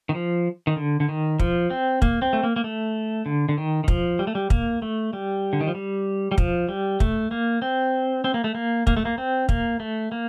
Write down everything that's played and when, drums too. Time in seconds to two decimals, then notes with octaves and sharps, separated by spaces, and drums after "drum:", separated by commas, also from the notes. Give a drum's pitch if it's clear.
0.09 D#3
0.15 F3
0.67 D#3
0.76 D3
1.00 D3
1.09 D#3
1.39 F3, drum: kick
1.70 C4
2.02 A#3, drum: kick
2.22 C4
2.33 A3
2.43 A#3
2.56 A#3
2.64 A3
3.26 D3
3.49 D3
3.58 D#3
3.84 D#3
3.88 F3, drum: kick
4.19 G3
4.27 A3
4.35 G3
4.50 A#3, drum: kick
4.82 A3
5.13 G3
5.53 D3
5.61 D#3
5.68 F3
5.75 G3
6.32 G3
6.38 F3, drum: kick
6.69 G3
7.00 A3, drum: kick
7.31 A#3
7.62 C4
8.24 C4
8.34 A#3
8.44 A3
8.55 A#3
8.87 A#3, drum: kick
8.97 A3
9.05 A#3
9.18 C4
9.49 A#3, drum: kick
9.80 A3
10.12 A#3